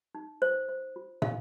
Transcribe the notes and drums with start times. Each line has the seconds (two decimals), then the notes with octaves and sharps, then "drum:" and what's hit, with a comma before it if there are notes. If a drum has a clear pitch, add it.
0.15 D#4
0.42 C5
0.69 C5
0.96 F4
1.22 F4 F5, drum: tom